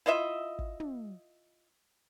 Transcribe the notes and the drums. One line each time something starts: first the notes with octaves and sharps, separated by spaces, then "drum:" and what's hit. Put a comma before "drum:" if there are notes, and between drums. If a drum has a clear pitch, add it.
E4 F4 D#5 E5
drum: kick
drum: tom